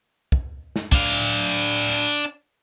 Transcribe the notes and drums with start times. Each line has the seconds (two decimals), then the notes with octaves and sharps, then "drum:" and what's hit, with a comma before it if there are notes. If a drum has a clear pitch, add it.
0.32 drum: kick
0.76 drum: snare
0.92 D4 F5, drum: kick